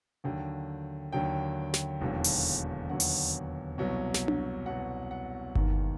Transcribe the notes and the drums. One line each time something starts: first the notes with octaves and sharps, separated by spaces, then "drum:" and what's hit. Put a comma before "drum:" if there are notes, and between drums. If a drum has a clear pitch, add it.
D#2 D3 F#3 G5
D#2 D3 F#3 G5
drum: snare
E1 D#2 D3 F#3
drum: open hi-hat
E1 D#2 D3 F#3 F#5
drum: open hi-hat
C2 B2 F#3
drum: snare
drum: tom D4
C2 B2 F#3 F#5
F#5
E1 D#2 D#3, drum: kick G1